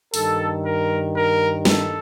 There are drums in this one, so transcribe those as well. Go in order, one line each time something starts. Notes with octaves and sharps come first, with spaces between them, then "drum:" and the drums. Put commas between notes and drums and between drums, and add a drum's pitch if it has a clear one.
G2 D#3 A4, drum: open hi-hat
A#4
A#4
A4, drum: snare